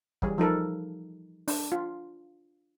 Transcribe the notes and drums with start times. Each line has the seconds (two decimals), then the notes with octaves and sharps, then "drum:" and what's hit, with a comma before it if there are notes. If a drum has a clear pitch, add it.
0.22 E3 G3 G#4, drum: kick
0.38 F3 D#4 A4 A#4
1.48 D4, drum: open hi-hat
1.72 F4